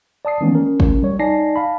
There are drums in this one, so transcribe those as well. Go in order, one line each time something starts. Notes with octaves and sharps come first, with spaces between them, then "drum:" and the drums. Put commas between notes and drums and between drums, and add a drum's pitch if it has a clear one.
D5 A5 D#6 C7
D#3 E3 G#3 A#3 B3 C#4
C#4 A#4
drum: kick
G3 C#5
D#4 D5 G#5 A5 A#6 C7
F5 A5 B5